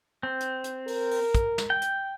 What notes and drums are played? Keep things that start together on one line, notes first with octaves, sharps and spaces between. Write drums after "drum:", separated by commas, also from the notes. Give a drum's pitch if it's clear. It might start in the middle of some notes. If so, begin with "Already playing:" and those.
C4
drum: hi-hat
drum: hi-hat
A#4, drum: open hi-hat
drum: open hi-hat
drum: kick, hi-hat
drum: snare
G5
drum: hi-hat